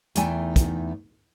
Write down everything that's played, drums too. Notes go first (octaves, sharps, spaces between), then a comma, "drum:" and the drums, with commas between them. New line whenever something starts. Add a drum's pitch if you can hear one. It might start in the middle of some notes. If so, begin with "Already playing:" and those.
E2 E3 A3 D#4 G5 G#5, drum: hi-hat
drum: kick, hi-hat